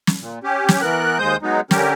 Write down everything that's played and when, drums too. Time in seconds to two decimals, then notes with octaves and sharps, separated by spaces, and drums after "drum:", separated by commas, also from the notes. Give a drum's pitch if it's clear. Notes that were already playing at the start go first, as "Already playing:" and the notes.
0.07 drum: snare
0.21 A#2
0.44 C#4 G4
0.69 drum: snare
0.82 E3 B3 A#4 F#6
1.18 D#2 G#3 C5 D#6 G6
1.43 F#3 G#3 B3 D#4
1.71 D3 C#4 G4 A#4, drum: snare